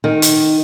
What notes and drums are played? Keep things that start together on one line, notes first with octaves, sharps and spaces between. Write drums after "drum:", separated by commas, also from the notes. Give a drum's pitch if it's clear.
D#3
drum: hi-hat